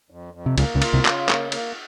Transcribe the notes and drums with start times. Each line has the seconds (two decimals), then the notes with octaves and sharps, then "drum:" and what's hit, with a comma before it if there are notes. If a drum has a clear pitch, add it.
0.10 F2
0.34 F2
0.46 C3
0.58 C#2 C#3 A#3, drum: cymbal
0.75 C#2 C#3
0.82 F4, drum: cymbal
0.93 C2 C3
1.05 C#3, drum: clap
1.29 A#3, drum: clap
1.52 A#3, drum: cymbal